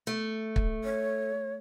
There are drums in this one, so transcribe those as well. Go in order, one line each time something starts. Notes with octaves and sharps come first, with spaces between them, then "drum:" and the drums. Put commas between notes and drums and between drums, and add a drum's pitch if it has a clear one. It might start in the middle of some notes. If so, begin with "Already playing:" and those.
A3
drum: kick
C#5